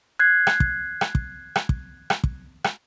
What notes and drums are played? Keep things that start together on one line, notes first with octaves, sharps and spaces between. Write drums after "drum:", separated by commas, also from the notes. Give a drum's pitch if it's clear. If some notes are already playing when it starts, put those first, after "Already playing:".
F#6 G#6 C7
drum: rim click
drum: kick
drum: rim click
drum: kick
drum: rim click
drum: kick
drum: rim click
drum: kick
drum: rim click